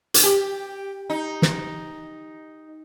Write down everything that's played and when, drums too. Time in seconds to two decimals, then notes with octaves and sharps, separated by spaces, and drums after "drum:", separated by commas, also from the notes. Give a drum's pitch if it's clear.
0.14 drum: hi-hat
0.23 G4
1.10 D#4
1.42 drum: snare